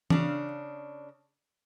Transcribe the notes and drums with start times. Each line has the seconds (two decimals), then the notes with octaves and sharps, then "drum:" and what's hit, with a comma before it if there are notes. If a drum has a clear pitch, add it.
0.10 C#3 D4, drum: tom E3